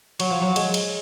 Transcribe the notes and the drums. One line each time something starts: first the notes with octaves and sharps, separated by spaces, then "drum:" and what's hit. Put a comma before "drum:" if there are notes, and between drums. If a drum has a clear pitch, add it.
F#3, drum: cymbal
F3
F#3
G#3, drum: cymbal
drum: cymbal